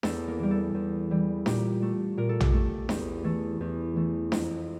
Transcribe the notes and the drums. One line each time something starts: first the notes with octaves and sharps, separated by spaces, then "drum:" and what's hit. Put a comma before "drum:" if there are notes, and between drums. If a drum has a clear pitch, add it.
E2 A4, drum: snare D4
A#3 A#4
E3 G3 A#4
A4
E2
E3 G3
A#2 G4, drum: snare D4
A3
A#2 A#4
A4
G4, drum: tom
A3 A4
E2, drum: snare D4
E3 A3
E2
E3 A3
F2, drum: snare D4